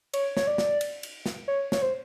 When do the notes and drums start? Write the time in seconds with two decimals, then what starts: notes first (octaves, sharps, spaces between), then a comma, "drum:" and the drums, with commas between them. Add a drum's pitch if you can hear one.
0.14 C#5, drum: cymbal
0.37 C#5, drum: snare
0.47 D5
0.58 drum: snare
0.81 drum: cymbal
1.03 drum: cymbal
1.26 drum: snare
1.48 C#5
1.72 C#5, drum: snare
1.82 C5